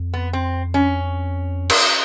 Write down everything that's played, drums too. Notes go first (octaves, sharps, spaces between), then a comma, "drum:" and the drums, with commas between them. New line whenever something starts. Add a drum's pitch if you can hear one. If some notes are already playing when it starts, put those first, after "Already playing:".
Already playing: F2
B3
C4
C#4
drum: cymbal